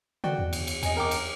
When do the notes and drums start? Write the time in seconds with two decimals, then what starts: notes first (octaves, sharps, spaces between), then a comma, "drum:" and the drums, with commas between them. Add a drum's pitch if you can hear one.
0.24 D3 F#4 D5 G5
0.39 E2
0.53 drum: cymbal
0.67 drum: cymbal
0.83 E2 D#5 G#5, drum: cymbal
0.97 A#4 G5 D6
1.11 drum: cymbal